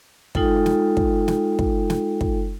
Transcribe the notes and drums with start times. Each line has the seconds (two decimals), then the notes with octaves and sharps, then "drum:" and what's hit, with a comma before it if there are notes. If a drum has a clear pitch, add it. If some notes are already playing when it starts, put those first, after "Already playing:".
0.35 G#3 D#4 F4 A4 G5, drum: kick
0.66 drum: snare
0.97 drum: kick
1.28 drum: snare
1.59 drum: kick
1.90 drum: snare
2.21 drum: kick